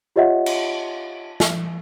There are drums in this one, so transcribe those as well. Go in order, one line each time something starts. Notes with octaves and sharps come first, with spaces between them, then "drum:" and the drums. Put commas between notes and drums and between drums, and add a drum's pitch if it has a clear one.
F4 G4 C#5 D#5 E5 F#5
drum: cymbal
drum: snare